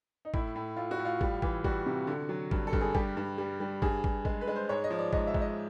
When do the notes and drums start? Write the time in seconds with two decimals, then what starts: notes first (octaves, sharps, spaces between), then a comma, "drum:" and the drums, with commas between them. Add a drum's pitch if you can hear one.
0.25 D#4
0.34 A2 E4, drum: kick
0.56 A2
0.76 A2 F4
0.91 F#4
0.99 A2
1.05 F4
1.21 G3, drum: kick
1.42 E3, drum: kick
1.64 G3 F#4, drum: kick
1.86 C3
2.07 D3
2.29 F#3
2.51 G2, drum: kick
2.67 A4
2.73 G2, drum: kick
2.81 G#4
2.95 G3 G4, drum: kick
3.17 G2
3.38 G3
3.60 G3
3.82 G2 G#4, drum: kick
4.04 G2, drum: kick
4.25 G#3, drum: kick
4.41 B4
4.47 G#3
4.55 C5
4.69 G#2 C#5
4.84 D#5
4.90 F3
4.98 D5
5.13 G#2 D#5, drum: kick
5.27 E5
5.34 G#2, drum: kick
5.42 D#5